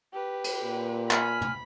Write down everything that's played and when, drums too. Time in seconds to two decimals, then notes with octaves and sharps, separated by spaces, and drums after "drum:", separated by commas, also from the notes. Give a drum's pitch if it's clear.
0.13 G4 B4
0.44 drum: cymbal
0.64 A#2
1.11 G#5 B5 F6, drum: clap
1.41 drum: tom